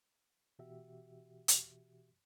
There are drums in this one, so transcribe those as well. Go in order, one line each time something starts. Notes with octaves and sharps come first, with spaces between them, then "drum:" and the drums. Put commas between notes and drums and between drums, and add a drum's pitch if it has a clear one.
B2 E3 F#4 G4 E5
drum: hi-hat